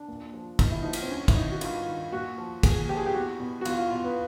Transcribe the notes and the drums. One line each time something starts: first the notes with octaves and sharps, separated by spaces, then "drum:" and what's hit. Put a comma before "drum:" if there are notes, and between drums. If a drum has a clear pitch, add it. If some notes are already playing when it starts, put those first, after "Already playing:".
Already playing: D4
A#2
F3
A#2 D#4, drum: kick, cymbal
E4
F3 D#4
drum: cymbal
C4
G2 C#4
E4, drum: kick, cymbal
D#3 D#4
F#4
G2 F4, drum: cymbal
D#3
A#2 F#4
F3
A#2 G#4, drum: kick, cymbal
F3 G4
G#4
G4
E2 F#4
B2
F#4
E2 F4, drum: cymbal
F4
B2 F4
B3